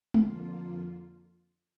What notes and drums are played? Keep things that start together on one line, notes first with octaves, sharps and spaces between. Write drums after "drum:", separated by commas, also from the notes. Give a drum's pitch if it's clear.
F2 D3 F3 A#3 F4, drum: tom